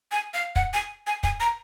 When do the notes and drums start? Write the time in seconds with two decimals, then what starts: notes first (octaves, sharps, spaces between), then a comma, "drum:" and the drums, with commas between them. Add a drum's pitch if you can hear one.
0.12 G#5
0.34 F5
0.56 F#5, drum: kick
0.73 G#5
1.07 G#5
1.23 G#5, drum: kick
1.40 A#5